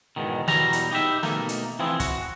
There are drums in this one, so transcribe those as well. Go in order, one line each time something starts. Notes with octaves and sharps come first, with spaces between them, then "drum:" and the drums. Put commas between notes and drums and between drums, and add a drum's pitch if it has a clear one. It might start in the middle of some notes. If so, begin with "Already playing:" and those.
E2 G#2 B2 D#3
E2 B2 F#3 G3 A#5, drum: snare
drum: hi-hat
D#4 G4 B4 E5
B2 A3 A#3 D#4, drum: snare
drum: hi-hat
E3 F3 C4 E4 G#4
F#4, drum: kick, hi-hat